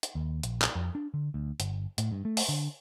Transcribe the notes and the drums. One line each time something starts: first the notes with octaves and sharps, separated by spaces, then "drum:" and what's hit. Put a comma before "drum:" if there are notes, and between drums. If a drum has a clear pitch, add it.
drum: hi-hat
D#2
A#1, drum: hi-hat
drum: clap
F2
D4
D3
D2
G1, drum: hi-hat
A2, drum: hi-hat
G2
A3
drum: open hi-hat
D3